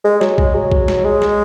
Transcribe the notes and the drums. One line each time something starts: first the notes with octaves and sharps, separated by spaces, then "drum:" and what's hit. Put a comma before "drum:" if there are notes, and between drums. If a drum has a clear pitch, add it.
G#3
F#3, drum: snare
G#3, drum: kick B1
F#3
drum: kick B1
drum: snare
G#3
drum: snare